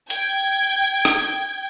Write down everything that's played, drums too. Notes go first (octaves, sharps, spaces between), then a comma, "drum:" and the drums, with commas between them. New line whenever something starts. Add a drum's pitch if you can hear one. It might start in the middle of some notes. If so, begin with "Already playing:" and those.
G5 G#6, drum: hi-hat
drum: rim click